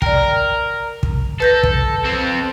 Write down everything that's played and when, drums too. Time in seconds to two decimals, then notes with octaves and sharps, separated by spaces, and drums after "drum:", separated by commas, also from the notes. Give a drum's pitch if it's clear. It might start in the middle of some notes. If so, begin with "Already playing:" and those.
0.02 A#4 D5 G5, drum: kick
1.03 drum: kick
1.40 A4 B4 G6 A#6
1.63 drum: kick
2.05 C4 A4